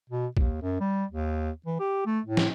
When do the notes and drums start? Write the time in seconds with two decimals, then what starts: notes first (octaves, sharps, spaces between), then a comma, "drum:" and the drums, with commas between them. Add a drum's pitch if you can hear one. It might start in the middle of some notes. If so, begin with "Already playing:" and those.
0.10 B2
0.37 D#2, drum: kick A#1
0.62 F#2
0.80 G3
1.11 D#2
1.66 E3
1.80 G4
2.06 A3
2.26 A2
2.37 drum: snare